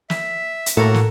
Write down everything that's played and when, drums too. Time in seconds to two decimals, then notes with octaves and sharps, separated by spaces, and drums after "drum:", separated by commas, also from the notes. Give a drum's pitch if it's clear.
0.10 E5, drum: snare
0.66 drum: hi-hat
0.77 A2 A#3 F#4 A4 A#4 F#5
0.94 drum: snare